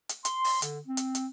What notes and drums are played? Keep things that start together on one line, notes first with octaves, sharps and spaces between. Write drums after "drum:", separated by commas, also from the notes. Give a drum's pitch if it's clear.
drum: hi-hat
C6, drum: hi-hat
drum: open hi-hat
D3, drum: hi-hat
C4
drum: hi-hat
drum: hi-hat